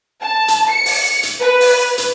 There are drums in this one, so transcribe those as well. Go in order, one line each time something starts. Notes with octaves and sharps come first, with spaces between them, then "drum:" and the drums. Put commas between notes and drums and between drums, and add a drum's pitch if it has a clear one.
A5
drum: hi-hat
C#7
drum: open hi-hat
drum: hi-hat
B4
drum: open hi-hat
drum: hi-hat